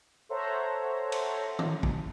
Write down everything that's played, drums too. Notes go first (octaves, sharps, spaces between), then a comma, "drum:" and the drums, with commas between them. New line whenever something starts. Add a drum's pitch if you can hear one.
A4 C5 C#5 E5 F#5 A#5
drum: cymbal
drum: tom D#3
drum: kick